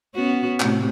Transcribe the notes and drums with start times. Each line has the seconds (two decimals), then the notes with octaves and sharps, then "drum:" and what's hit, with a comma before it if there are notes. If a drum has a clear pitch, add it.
0.15 B3 C#4 F#4
0.60 A2 C3, drum: clap